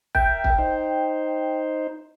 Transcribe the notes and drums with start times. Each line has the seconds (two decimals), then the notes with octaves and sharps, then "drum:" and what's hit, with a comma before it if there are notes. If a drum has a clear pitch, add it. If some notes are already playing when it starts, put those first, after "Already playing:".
0.15 A#4 E5 G5, drum: kick
0.44 drum: kick
0.58 D#4 C5